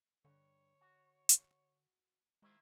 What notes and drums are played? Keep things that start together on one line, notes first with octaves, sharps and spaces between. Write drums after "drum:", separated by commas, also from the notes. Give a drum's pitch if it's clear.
G2 D3 C#5
F#4
drum: hi-hat
D#3 G#3 E4 F4 C5